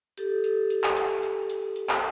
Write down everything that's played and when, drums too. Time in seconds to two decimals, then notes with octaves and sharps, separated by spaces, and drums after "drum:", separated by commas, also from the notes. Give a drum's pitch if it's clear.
0.18 G4 A4, drum: hi-hat
0.44 drum: hi-hat
0.70 drum: hi-hat
0.84 drum: clap
0.97 drum: hi-hat
1.23 drum: hi-hat
1.50 drum: hi-hat
1.76 drum: hi-hat
1.89 drum: clap